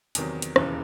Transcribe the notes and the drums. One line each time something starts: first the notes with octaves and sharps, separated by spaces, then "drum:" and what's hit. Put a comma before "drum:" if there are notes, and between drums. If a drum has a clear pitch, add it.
E2 C3 D#3 F#3, drum: hi-hat
drum: hi-hat
E1 D#2 C#3 E3, drum: rim click